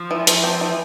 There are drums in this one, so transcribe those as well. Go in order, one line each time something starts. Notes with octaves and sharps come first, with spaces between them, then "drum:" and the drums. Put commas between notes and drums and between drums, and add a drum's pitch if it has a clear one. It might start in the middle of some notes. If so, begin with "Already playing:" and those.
Already playing: F3
E3
E3, drum: hi-hat
C4
E3